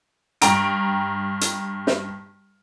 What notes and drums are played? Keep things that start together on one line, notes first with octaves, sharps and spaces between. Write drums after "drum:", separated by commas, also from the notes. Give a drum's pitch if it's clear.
G2 G5 A#5 D7, drum: hi-hat
drum: hi-hat
drum: snare